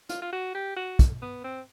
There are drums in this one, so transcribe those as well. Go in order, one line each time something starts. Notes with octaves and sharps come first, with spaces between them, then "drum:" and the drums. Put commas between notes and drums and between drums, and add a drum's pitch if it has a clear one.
F4, drum: hi-hat
F4
F#4
G4
F#4
drum: kick, hi-hat
B3
C4